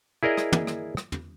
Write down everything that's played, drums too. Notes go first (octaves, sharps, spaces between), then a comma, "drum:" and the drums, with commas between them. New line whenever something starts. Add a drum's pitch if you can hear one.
E4 G#4 A#4 D5 D#5
drum: rim click
drum: tom
drum: rim click
drum: rim click
drum: tom